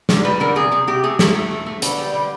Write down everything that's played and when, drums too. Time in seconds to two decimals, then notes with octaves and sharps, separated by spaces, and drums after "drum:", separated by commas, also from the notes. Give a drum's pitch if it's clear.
0.09 D3, drum: snare
0.25 G3 B4
0.40 D3 A#4
0.55 C3 G#4
0.71 C3 G#4
0.87 C3 G4
1.03 A3 G#4
1.19 A3 A4, drum: snare
1.35 A3
1.51 A3
1.66 A3
1.82 D3 B4, drum: hi-hat
1.98 G3
2.14 D3